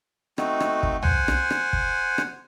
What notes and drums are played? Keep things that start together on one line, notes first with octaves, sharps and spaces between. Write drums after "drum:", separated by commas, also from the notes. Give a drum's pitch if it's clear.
A3 C4 D#4 F#4, drum: rim click
drum: rim click
drum: kick
C5 F#5 G#5, drum: tom C2
drum: rim click
drum: rim click
drum: kick
drum: rim click